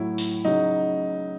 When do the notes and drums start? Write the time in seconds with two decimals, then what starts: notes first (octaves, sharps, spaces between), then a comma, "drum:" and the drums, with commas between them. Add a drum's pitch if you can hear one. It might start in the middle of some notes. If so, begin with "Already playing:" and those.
Already playing: A2 F#3 E4
0.18 drum: open hi-hat
0.45 C#3 F#3 D#4